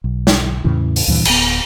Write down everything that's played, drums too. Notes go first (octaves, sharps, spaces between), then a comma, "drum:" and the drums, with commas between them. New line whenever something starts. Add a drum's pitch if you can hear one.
B1
drum: snare
E2 A2 C#3 E3
drum: open hi-hat
D2 G2 A#2 E3
D1 B3, drum: cymbal